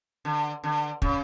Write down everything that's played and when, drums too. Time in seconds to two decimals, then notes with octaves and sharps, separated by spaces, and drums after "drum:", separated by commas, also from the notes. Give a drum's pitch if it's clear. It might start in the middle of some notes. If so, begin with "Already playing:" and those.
0.25 D3
0.64 D3
1.02 C#3, drum: kick